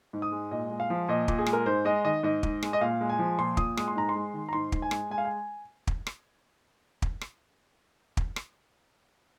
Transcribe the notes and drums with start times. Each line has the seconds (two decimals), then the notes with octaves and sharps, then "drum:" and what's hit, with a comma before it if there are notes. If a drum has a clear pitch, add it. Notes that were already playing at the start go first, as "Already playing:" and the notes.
0.13 G#2
0.22 D#6
0.32 G#3
0.51 A#2 D#5
0.70 G#3
0.80 F5
0.90 F3
1.09 A#2 D#5
1.28 A#2, drum: kick
1.39 G#4
1.46 G#3, drum: rim click
1.53 A#4
1.66 G#2 C5
1.85 G#3 D#5
2.05 D#3 D#5
2.23 G#2 D#5
2.43 G#2, drum: kick
2.63 G#3, drum: rim click
2.73 D#5
2.81 A#2 F5
3.01 G#3
3.10 G#5
3.19 F3
3.38 A#2 C6
3.57 A#2 D#6, drum: kick
3.77 G#3 D#6, drum: rim click
3.88 C6
3.95 G#2 A#5
4.09 C6
4.15 G#3
4.34 D#3
4.49 A#5
4.53 G#2 C6
4.72 G#2, drum: kick
4.82 G#5
4.91 G#3, drum: rim click
5.10 G#3 G#5
5.18 F5
5.25 G#5
5.87 drum: kick
6.07 drum: rim click
7.02 drum: kick
7.21 drum: rim click
8.17 drum: kick
8.36 drum: rim click